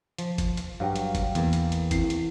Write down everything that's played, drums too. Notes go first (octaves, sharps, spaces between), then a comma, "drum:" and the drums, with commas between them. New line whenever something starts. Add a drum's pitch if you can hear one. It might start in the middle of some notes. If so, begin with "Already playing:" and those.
F3, drum: hi-hat
drum: kick G1, hi-hat
drum: hi-hat
G2 F#3 F5 G5
drum: hi-hat
drum: kick G1, hi-hat
E2 A#3, drum: hi-hat
drum: hi-hat
drum: hi-hat
C4 E4 C7, drum: kick G1, hi-hat
drum: hi-hat